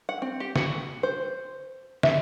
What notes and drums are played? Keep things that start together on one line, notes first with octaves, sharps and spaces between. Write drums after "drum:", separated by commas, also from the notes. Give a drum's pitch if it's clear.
F#5
C4
G4
F#4, drum: snare
C5
E5, drum: snare